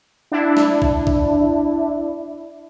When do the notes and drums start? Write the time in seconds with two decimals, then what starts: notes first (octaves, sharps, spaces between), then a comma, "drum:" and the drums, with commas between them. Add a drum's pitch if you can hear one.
0.32 D4 E4
0.57 drum: snare
0.82 drum: kick A#1
1.07 drum: kick A#1